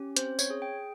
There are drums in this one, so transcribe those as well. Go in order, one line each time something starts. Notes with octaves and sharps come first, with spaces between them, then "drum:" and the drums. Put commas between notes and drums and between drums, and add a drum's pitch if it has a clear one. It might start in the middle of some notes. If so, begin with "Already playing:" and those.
Already playing: C#4 G4
C4 C5, drum: hi-hat
C#5, drum: tambourine
G#4
G5